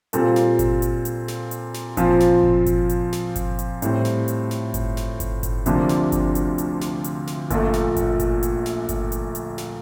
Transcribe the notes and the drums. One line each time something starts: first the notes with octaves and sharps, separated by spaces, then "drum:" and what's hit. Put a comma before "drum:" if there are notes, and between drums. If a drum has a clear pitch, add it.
A#2 G3 C4 F4 A4, drum: hi-hat
drum: snare
drum: kick G1, hi-hat
drum: hi-hat
drum: hi-hat
drum: snare
drum: hi-hat
drum: snare
A#2 F3 C4 F4, drum: kick G1, hi-hat
drum: snare
drum: kick G1
drum: kick G1, hi-hat
drum: hi-hat
drum: snare
drum: kick G1, hi-hat
drum: hi-hat
A2 G3 C4, drum: hi-hat
drum: snare
drum: hi-hat
drum: snare
drum: kick G1, hi-hat
drum: snare
drum: kick G1, hi-hat
drum: kick G1, hi-hat
D2 C3 F3 A#3 D4, drum: hi-hat
drum: snare
drum: kick G1, hi-hat
drum: hi-hat
drum: hi-hat
drum: snare
drum: hi-hat
drum: snare
A#1 A#2 A3, drum: kick G1, hi-hat
drum: snare
drum: kick G1, hi-hat
drum: kick G1, hi-hat
drum: hi-hat
drum: snare
drum: kick G1, hi-hat
drum: hi-hat
drum: hi-hat
drum: snare